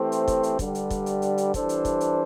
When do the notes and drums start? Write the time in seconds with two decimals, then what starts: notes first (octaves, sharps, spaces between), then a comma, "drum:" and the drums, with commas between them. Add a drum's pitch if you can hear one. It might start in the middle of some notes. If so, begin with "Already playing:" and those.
Already playing: E3 A3 C4 G4 C5
0.12 drum: hi-hat
0.28 drum: kick, hi-hat
0.43 drum: hi-hat
0.59 G2 D3 G3, drum: kick, hi-hat
0.75 drum: hi-hat
0.90 drum: kick, hi-hat
1.06 drum: hi-hat
1.22 drum: hi-hat
1.38 drum: hi-hat
1.54 E3 G3 D4 A4 C5, drum: kick, hi-hat
1.69 drum: hi-hat
1.85 drum: kick, hi-hat
2.00 drum: hi-hat